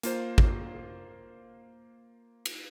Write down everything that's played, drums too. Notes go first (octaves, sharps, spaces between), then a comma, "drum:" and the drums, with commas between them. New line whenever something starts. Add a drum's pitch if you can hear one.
A#3 F4 C5, drum: hi-hat
drum: kick G#1
drum: cymbal